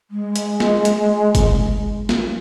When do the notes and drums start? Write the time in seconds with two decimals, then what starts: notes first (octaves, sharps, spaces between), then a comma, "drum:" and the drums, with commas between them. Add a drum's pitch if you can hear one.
0.11 G#3
0.36 drum: hi-hat
0.60 drum: snare
0.85 drum: hi-hat
1.35 drum: kick F#1, hi-hat
2.09 drum: snare